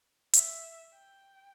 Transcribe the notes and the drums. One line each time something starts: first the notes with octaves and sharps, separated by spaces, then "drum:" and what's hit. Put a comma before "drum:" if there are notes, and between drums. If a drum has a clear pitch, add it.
E5, drum: hi-hat
G5